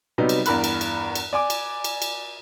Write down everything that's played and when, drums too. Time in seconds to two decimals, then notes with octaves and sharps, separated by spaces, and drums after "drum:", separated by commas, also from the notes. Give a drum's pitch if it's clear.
0.18 C3 F#3 G3 B3 D#4
0.29 drum: cymbal
0.46 E2 G2 A#4 B5 F#6, drum: cymbal
0.64 drum: cymbal
0.81 drum: cymbal
1.15 drum: cymbal
1.33 D5 G#5 D6
1.50 drum: cymbal
1.84 drum: cymbal
2.02 drum: cymbal